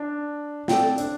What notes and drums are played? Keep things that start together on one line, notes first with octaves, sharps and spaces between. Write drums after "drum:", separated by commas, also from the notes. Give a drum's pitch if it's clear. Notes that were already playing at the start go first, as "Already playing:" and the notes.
Already playing: D4
C4 A4 D5 G5, drum: snare
D4, drum: hi-hat